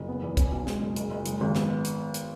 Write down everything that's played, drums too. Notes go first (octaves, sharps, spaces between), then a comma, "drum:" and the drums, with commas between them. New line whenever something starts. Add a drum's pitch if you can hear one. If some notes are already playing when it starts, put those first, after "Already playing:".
Already playing: F#1
B3
E2
C#4, drum: kick, hi-hat
B1
G#3, drum: snare
F#1
F#1, drum: hi-hat
F#1
G#3, drum: hi-hat
G#1
B3, drum: snare
drum: hi-hat
drum: hi-hat